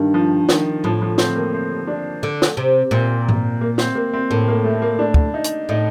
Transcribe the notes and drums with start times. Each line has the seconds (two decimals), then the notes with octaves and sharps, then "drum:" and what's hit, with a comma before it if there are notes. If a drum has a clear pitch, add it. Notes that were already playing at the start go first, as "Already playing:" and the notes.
Already playing: G2 D#3
0.14 F3
0.49 D#3, drum: snare
0.84 A2 F3
1.02 F3
1.18 C4, drum: snare
1.36 A#3
1.53 C4
1.87 D4
2.23 D3
2.42 drum: snare
2.57 C3
2.91 A#2 C4
3.29 drum: tom G#2
3.61 A#3
3.78 C4, drum: snare
3.95 A#3
4.13 C4
4.30 A2 A#3
4.48 A#3
4.65 A3
4.82 A#3
4.99 D4
5.14 drum: kick
5.34 D#4
5.44 drum: hi-hat
5.69 A2 D#4